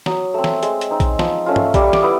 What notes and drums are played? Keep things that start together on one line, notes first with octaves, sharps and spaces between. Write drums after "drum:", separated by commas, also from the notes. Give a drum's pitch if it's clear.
F#3 D#6, drum: snare
A3 C4 E6
drum: snare
G#3, drum: hi-hat
drum: hi-hat
C4 D#4
drum: kick A#1, hi-hat
F3, drum: snare
A3 C#4 F4
drum: tom G2
G3 D6, drum: kick A#1, hi-hat
C#6
D6, drum: snare
B3 E4 D#6